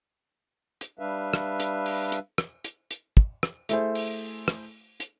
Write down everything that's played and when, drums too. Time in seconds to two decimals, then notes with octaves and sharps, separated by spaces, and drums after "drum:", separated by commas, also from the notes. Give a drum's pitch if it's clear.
0.81 drum: hi-hat
0.99 G3 D4 B4 E5 F5
1.34 drum: rim click
1.60 drum: hi-hat
1.86 drum: open hi-hat
2.12 drum: hi-hat
2.38 drum: rim click
2.64 drum: hi-hat
2.91 drum: hi-hat
3.17 drum: kick
3.43 drum: rim click
3.69 A3 E4 G#4 C5, drum: hi-hat
3.95 drum: open hi-hat
4.48 drum: rim click
5.00 drum: hi-hat